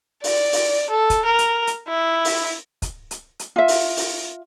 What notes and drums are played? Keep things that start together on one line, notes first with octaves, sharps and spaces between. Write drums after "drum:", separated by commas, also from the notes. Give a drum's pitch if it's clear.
D5, drum: open hi-hat
drum: open hi-hat
A4
drum: kick, hi-hat
A#4
drum: hi-hat
drum: hi-hat
E4
drum: open hi-hat
drum: kick, hi-hat
drum: hi-hat
drum: hi-hat
F4 E5
drum: open hi-hat
drum: open hi-hat